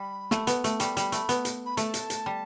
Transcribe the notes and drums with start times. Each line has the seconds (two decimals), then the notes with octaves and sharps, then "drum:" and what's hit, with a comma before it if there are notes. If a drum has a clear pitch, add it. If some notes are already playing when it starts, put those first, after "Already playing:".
Already playing: G3 B5
0.31 A3, drum: snare
0.47 B3, drum: hi-hat
0.64 A3, drum: hi-hat
0.80 G3 B5 C#6, drum: hi-hat
0.97 G3, drum: hi-hat
1.12 A3, drum: hi-hat
1.29 B3, drum: hi-hat
1.45 drum: hi-hat
1.66 B5
1.77 A3 A5, drum: hi-hat
1.94 drum: hi-hat
2.10 drum: hi-hat
2.26 G3